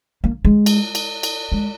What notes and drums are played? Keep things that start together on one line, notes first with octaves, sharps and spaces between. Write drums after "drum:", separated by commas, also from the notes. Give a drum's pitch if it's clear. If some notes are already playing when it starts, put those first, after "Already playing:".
A#3
G#3
drum: cymbal
drum: cymbal
drum: cymbal
G#3